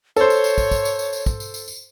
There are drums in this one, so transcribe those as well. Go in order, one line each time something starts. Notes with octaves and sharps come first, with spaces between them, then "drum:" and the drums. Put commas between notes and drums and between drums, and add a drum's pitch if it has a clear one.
A4 C5 C#5, drum: tambourine
drum: tambourine
drum: tambourine
drum: kick, tambourine
drum: kick, tambourine
drum: tambourine
drum: tambourine
drum: tambourine
drum: kick, tambourine
drum: tambourine
drum: tambourine
drum: tambourine